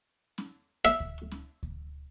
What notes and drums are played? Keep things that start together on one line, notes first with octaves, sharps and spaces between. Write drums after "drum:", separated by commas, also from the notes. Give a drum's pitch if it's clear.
drum: snare
E5
drum: kick D2
drum: snare
drum: kick D2